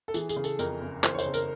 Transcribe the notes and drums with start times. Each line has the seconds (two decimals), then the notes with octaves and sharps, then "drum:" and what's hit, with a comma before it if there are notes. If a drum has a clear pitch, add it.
0.08 A4
0.14 E3 G#4, drum: tambourine
0.29 G#4, drum: tambourine
0.36 C#3
0.44 A4, drum: tambourine
0.59 F2 A#4, drum: tambourine
0.81 F#1
1.04 E3 C5, drum: clap
1.14 C#5
1.18 C5, drum: tambourine
1.26 C#3
1.34 A#4, drum: tambourine